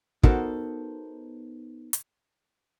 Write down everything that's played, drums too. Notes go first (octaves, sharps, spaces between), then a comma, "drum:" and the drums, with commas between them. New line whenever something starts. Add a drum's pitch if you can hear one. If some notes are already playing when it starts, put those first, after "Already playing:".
B3 D#4 F#4 A4 A#4 C5, drum: kick
drum: hi-hat